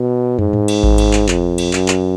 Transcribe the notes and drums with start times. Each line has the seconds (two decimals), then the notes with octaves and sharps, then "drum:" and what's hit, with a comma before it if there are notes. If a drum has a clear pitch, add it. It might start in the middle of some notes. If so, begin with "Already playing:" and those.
Already playing: B2
0.39 G#2, drum: tom
0.53 drum: tom G#2
0.68 drum: cymbal
0.83 drum: kick G#1
0.98 drum: cymbal
1.13 drum: clap
1.28 F2, drum: clap
1.58 drum: cymbal
1.73 F#2, drum: clap
1.88 drum: clap